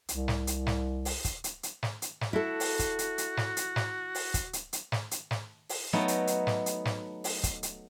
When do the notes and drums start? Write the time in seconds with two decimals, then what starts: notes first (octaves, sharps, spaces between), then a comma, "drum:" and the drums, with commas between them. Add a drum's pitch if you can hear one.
0.09 C2, drum: hi-hat
0.28 drum: snare
0.47 drum: hi-hat
0.67 drum: snare
1.05 drum: open hi-hat
1.25 drum: kick, hi-hat
1.44 drum: hi-hat
1.63 drum: hi-hat
1.83 drum: snare
2.02 drum: hi-hat
2.21 drum: snare
2.33 E4 F#4 A4
2.60 drum: open hi-hat
2.79 drum: kick, hi-hat
2.99 drum: hi-hat
3.18 drum: hi-hat
3.37 drum: snare
3.57 drum: hi-hat
3.76 drum: snare
4.15 drum: open hi-hat
4.34 drum: kick, hi-hat
4.53 drum: hi-hat
4.73 drum: hi-hat
4.92 drum: snare
5.11 drum: hi-hat
5.31 drum: snare
5.69 drum: open hi-hat
5.93 F#3 A3 B3 D#4
6.08 drum: hi-hat
6.27 drum: hi-hat
6.47 drum: snare
6.66 drum: hi-hat
6.85 drum: snare
7.24 drum: open hi-hat
7.43 drum: kick, hi-hat
7.63 drum: hi-hat